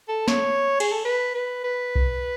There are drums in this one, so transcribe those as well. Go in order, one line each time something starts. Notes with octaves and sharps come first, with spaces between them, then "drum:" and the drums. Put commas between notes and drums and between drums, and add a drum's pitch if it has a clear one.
A4
C#5, drum: snare
G#4, drum: cymbal
A4
B4
B4
B4
drum: kick B1